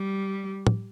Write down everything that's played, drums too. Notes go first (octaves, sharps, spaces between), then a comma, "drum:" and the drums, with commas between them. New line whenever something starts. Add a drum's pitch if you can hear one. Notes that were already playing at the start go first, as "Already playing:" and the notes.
Already playing: G3
drum: tom